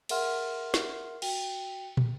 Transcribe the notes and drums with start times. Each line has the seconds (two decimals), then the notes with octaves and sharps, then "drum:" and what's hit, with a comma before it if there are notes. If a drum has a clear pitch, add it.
0.09 G#4 A#4 E5 F#5 C6 F6, drum: cymbal
0.74 drum: snare
1.22 F#4 G5, drum: cymbal
1.97 drum: tom